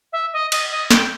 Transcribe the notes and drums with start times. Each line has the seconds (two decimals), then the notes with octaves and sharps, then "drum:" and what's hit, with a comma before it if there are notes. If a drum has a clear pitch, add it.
0.13 E5
0.33 D#5
0.52 D#5, drum: cymbal
0.71 D#5
0.91 G5, drum: snare